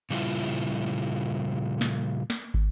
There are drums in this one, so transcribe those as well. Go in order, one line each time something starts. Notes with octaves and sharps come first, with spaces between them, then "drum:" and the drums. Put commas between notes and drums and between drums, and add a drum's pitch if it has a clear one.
A#2 C#3 G3 E4 F4
drum: snare
drum: snare
drum: kick